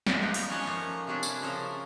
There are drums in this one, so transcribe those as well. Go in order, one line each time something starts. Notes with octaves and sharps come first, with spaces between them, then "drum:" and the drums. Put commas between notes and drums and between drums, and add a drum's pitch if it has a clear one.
drum: snare
F3 G3 B3 D#4 F4
drum: open hi-hat
C#4 C#5 D#5 F#5 A5
F3 A3 A#3
C3 G3 C#4 D4 E4 D5
drum: tambourine
C#3 F3 A4 A#4